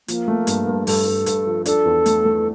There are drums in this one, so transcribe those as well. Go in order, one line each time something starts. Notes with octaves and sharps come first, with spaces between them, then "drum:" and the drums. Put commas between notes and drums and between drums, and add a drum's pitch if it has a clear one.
F3 A#3, drum: hi-hat
A3
G2, drum: hi-hat
G2
G2 A4, drum: open hi-hat
G2
G2, drum: hi-hat
F3
D4 A4, drum: hi-hat
E2
A3, drum: hi-hat
A3